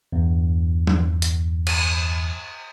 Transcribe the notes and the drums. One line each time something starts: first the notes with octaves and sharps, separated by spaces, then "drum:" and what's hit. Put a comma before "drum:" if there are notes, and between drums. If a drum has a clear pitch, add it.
E2 G2
drum: tom F3
drum: hi-hat
drum: cymbal